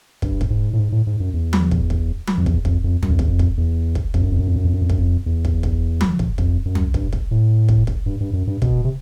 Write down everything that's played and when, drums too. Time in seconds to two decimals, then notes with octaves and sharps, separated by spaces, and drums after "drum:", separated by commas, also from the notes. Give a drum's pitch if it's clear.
0.22 G2, drum: kick
0.41 drum: kick
0.50 G#2
0.73 A2
0.79 G#2
0.92 A2
1.07 G#2
1.20 F#2
1.34 E2
1.53 drum: tom F3
1.71 drum: kick
1.90 drum: kick
2.27 drum: tom F3
2.38 F2
2.46 E2, drum: kick
2.65 F2, drum: kick
2.84 F2
3.03 F#2, drum: tom
3.11 F2
3.19 E2, drum: kick
3.28 F2
3.39 drum: kick
3.58 E2
3.95 drum: kick
4.14 F2, drum: kick
4.22 F#2
4.31 F2
4.39 F#2
4.47 F2
4.56 F#2
4.65 F2
4.74 F#2
4.81 F2
4.90 F#2, drum: kick
4.98 F2
5.26 E2
5.45 drum: kick
5.63 drum: kick
6.01 drum: tom F3
6.19 drum: kick
6.38 F2, drum: kick
6.65 F#2
6.75 drum: tom
6.94 G2, drum: kick
7.13 drum: kick
7.31 A2
7.69 drum: kick
7.87 drum: kick
8.06 G2
8.20 G2
8.33 F#2
8.47 G2
8.62 B2, drum: kick
8.84 C3